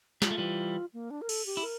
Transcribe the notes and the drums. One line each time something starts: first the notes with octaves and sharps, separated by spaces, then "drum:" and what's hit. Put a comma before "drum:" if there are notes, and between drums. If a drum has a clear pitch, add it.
G3 F4, drum: snare
A3
E3 G3
A#3
D4
A#4
A4, drum: cymbal
G4
E4
A#4